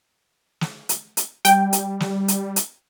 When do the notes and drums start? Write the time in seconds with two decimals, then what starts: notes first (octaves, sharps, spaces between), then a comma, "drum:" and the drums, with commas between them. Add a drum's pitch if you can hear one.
0.61 drum: snare
0.89 drum: hi-hat
1.17 drum: hi-hat
1.45 G3 G5, drum: hi-hat
1.73 drum: hi-hat
2.00 drum: snare
2.28 drum: hi-hat
2.56 drum: hi-hat